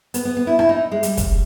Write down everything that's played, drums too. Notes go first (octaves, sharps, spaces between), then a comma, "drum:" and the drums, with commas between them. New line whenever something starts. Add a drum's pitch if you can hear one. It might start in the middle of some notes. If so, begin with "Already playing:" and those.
B3, drum: hi-hat
B3
B3
E4
E4, drum: rim click
D#4
G#3
G3, drum: hi-hat
drum: kick, hi-hat